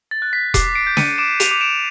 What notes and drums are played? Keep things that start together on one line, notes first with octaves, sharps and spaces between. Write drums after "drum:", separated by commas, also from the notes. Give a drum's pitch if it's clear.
A6
F#6
B6
D6 C7, drum: kick E1, hi-hat
C7 D7
G6
C#7 D#7, drum: snare
D6 D7 E7
D#7 F7, drum: hi-hat
D6
D7 E7